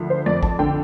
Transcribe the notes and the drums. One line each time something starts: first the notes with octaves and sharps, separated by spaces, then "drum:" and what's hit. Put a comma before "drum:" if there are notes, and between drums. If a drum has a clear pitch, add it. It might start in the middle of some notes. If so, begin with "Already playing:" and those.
Already playing: D2 F3
C5
F2 D5
A5, drum: kick G#1
D3 G5